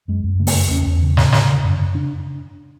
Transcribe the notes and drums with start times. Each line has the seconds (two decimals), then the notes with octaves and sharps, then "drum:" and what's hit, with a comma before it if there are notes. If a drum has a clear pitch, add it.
0.08 F#2 G#3
0.24 F#2
0.40 C#3 A3
0.47 A#3, drum: open hi-hat
0.54 F#2 A3
0.71 E2 C#4
0.86 E2
1.02 C#3
1.17 C#3, drum: snare
1.33 D3, drum: snare
1.48 D3
1.64 F#2
1.79 F#2
1.94 C#3 D4